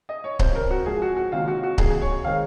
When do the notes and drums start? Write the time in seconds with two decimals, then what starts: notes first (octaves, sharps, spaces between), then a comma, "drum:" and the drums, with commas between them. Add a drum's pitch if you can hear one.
0.09 D#5
0.24 C#5
0.39 F2 C3 F3 C4 C5, drum: kick C#1
0.55 A#4
0.71 F#4
0.86 G#2 F3 C4 G#4
1.02 F#4
1.16 F#4
1.32 C#2 C3 D#3 F#3 A#3 F4
1.48 F#4
1.63 F#4
1.78 C2 C3 D#3 A#3 G#4, drum: kick C#1
2.02 C#5
2.24 D#3 G#3 C4 F5